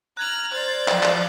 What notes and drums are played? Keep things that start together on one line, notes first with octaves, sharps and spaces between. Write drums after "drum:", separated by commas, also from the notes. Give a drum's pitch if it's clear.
A#5 F6 F#6 G#6 F#7
C5 D5 G6 A6
F3, drum: clap
drum: clap